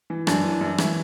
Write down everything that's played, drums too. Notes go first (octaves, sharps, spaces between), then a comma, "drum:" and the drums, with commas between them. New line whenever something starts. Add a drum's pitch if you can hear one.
E3
F#2 D4, drum: rim click
E3
F#2
E3 E4, drum: rim click